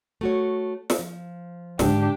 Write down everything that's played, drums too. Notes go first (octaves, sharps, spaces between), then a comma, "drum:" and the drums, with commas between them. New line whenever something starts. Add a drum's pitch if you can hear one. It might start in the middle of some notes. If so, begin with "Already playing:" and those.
A3 F#4 C#5
drum: snare
F3
G#2 D3 D4 G4, drum: snare